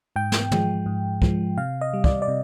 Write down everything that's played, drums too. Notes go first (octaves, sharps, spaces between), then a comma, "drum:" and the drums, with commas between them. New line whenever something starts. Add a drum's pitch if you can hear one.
G#2 G5
drum: snare
F3 G#3, drum: tom
G#2
F3 G#3, drum: kick
C3 F5
D#5
G3
D5, drum: kick
D5
C3